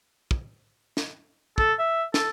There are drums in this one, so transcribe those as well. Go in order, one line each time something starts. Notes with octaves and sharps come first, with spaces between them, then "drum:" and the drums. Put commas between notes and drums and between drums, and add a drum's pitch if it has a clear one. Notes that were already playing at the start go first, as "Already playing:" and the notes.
drum: kick
drum: snare
A4, drum: kick
E5
A4, drum: snare